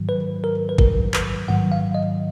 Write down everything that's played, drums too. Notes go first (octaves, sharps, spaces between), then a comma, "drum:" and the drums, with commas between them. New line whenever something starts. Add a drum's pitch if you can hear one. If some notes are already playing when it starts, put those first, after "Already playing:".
Already playing: G#2 D#3 F#3
B4
A#4
B4
A#4, drum: kick G#1
B4, drum: clap
G#2 D#3 F#3 F#5
F5
D#5